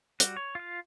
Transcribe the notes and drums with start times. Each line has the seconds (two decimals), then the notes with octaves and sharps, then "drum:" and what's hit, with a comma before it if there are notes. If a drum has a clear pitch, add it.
0.20 G3 F#4, drum: hi-hat
0.37 C#5
0.55 F4 F5